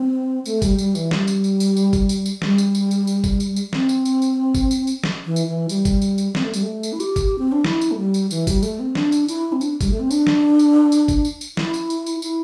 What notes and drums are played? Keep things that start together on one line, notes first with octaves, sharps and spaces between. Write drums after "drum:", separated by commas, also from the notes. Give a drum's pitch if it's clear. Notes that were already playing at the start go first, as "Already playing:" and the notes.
Already playing: C4
A3, drum: tambourine
G3, drum: kick, tambourine
G3, drum: tambourine
E3, drum: tambourine
G3, drum: snare
drum: tambourine
drum: tambourine
drum: tambourine
drum: tambourine
drum: kick, tambourine
drum: tambourine
drum: tambourine
G3, drum: snare
drum: tambourine
drum: tambourine
drum: tambourine
drum: tambourine
drum: kick, tambourine
drum: tambourine
drum: tambourine
C4, drum: snare
drum: tambourine
drum: tambourine
drum: tambourine
drum: kick, tambourine
drum: tambourine
drum: tambourine
drum: snare
E3
drum: tambourine
E3
G3, drum: tambourine
drum: kick, tambourine
drum: tambourine
drum: tambourine
C4, drum: snare
A3
G3, drum: tambourine
A3
drum: tambourine
E4
G4, drum: tambourine
drum: kick, tambourine
C4
D4
E4, drum: snare
drum: tambourine
A3
G3
drum: tambourine
E3, drum: tambourine
G3, drum: kick, tambourine
A3, drum: tambourine
C4
D4, drum: snare
drum: tambourine
E4, drum: tambourine
C4
D4, drum: tambourine
G3, drum: kick, tambourine
A3
C4
D4, drum: tambourine
drum: snare
drum: tambourine
drum: tambourine
drum: kick, tambourine
drum: tambourine
drum: tambourine
E4, drum: snare
drum: tambourine
drum: tambourine
drum: tambourine
E4, drum: tambourine